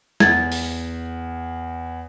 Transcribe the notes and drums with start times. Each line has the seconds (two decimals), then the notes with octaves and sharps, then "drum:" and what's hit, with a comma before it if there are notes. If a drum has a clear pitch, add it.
0.20 E2 G#6 A6, drum: snare
0.52 drum: open hi-hat